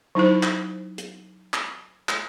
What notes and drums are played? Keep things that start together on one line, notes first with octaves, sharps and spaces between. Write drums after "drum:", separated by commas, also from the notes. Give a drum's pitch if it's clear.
F#3 D#4 E4 C5
drum: clap
drum: hi-hat
drum: clap
drum: clap